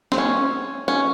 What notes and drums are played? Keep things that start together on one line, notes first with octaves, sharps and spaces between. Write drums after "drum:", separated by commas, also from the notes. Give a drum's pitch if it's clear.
C4, drum: snare
C#4
C#4